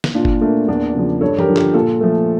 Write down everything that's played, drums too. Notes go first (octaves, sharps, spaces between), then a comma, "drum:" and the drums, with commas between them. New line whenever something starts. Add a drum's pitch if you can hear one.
drum: snare
A#2 D4 F4
drum: kick G1
A3 A#3 D4
E2 A#3 D4
C#3 F3
G2 A4 C#5
G4 A#4, drum: tom E3
D3 F3
G4 A#4, drum: clap
A#2 F4 A4
F3 A3